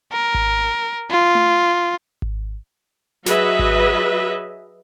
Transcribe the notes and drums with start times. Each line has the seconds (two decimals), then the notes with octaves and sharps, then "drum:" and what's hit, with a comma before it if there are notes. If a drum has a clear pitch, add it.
0.12 A#4
0.34 drum: kick G#1
1.11 F4
1.35 drum: tom A3
2.22 drum: kick G#1
3.26 F#3 F#4 G#4 B4 D#5 E5, drum: snare
3.59 drum: kick G#1